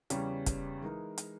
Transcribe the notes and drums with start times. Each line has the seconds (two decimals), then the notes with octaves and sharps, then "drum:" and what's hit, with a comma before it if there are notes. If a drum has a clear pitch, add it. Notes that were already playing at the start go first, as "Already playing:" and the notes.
0.10 E2 C#3 G3 C#4, drum: hi-hat
0.46 drum: kick, hi-hat
0.82 E3 G#3 D#4 A#4
1.18 drum: hi-hat